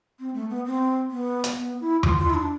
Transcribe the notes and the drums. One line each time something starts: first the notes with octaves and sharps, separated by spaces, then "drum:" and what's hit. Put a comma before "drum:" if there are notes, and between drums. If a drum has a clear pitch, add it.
C4
A3
B3
C4
B3
drum: hi-hat
B3
E4
F4, drum: tom E2
F4
E4
D4